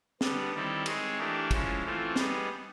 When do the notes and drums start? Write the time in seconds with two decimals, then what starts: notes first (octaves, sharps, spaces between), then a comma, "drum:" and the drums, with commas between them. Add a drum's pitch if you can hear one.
0.21 D3 G3 B3, drum: snare
0.54 D#3 G3 C4 E4 A4
0.86 G#3 C4 D#4 G#4 C#5, drum: cymbal
1.18 E3 A3 D4 G4 A#4
1.51 F3 G#3 C#4 E4, drum: kick, cymbal
1.84 E3 A3 C4 F4
2.16 G3 B3 D#4 G#4, drum: snare